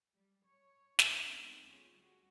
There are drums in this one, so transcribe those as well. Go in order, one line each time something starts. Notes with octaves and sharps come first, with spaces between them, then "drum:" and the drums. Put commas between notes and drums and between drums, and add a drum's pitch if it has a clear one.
G3
C#5
G3 D4 G4 A#4 C#5, drum: snare
G#3 B3 C4 D#4 A4
D2 C#4 F4 G#4
G3 F#4